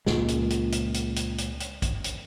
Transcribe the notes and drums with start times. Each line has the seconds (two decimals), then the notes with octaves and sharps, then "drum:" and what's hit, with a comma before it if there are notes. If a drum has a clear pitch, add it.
0.06 C#2 A#2 G#3, drum: snare
0.28 drum: hi-hat
0.50 drum: hi-hat
0.72 drum: hi-hat
0.94 drum: hi-hat
1.16 drum: hi-hat
1.38 drum: hi-hat
1.60 drum: hi-hat
1.82 drum: kick, hi-hat
2.04 drum: hi-hat